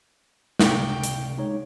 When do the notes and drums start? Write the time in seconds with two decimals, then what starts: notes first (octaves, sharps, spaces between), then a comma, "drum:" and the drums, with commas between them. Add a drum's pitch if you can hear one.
0.59 C3 F5 G5 C#6 D6, drum: snare
1.04 drum: hi-hat
1.38 G#3 D#4 C#5